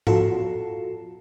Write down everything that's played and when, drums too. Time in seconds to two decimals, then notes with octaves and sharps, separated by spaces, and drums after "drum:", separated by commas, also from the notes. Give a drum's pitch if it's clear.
0.07 F4 F#4 A4, drum: tom G#2